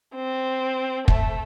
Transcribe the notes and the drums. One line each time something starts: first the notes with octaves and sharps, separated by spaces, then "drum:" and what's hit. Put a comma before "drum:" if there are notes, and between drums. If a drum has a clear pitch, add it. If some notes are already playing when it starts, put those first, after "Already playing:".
C4
A3, drum: kick